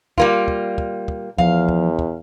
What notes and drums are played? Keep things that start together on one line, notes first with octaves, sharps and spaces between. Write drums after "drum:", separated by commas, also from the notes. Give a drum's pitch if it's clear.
G3 A#3 F4, drum: kick
drum: kick
drum: kick
drum: kick
E2 F3 F5, drum: kick
drum: kick
drum: kick